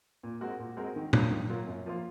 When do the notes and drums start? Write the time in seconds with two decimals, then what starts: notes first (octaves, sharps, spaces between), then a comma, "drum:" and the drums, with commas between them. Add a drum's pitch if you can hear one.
0.23 A#2
0.41 G#3 C4 F#4 A#4
0.59 A#2
0.77 G#3 C4 F#4 A#4
0.96 D#3
1.13 F#3 A#3 F4 A#4, drum: tom
1.31 D#3
1.49 F#3 A#3 F4 A#4
1.67 F#2
1.86 F3 A#3 F4